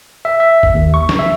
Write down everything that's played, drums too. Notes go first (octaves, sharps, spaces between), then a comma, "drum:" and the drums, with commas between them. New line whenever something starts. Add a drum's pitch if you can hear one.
E5
E5
drum: kick G1
D#2
C#6
drum: snare
E5